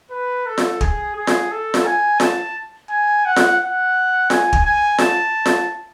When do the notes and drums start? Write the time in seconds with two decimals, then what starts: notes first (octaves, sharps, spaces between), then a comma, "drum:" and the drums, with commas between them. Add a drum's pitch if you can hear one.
0.11 B4
0.46 A4
0.58 drum: snare F4
0.81 G#4, drum: kick
1.15 G#4
1.27 drum: snare F4
1.51 A4
1.74 drum: snare F4
1.85 G#5
2.20 A5, drum: snare F4
2.90 G#5
3.25 F#5
3.36 drum: snare F4
3.60 F#5
4.30 G#5, drum: snare F4
4.53 drum: kick
4.64 G#5
4.98 A5, drum: snare F4
5.46 drum: snare F4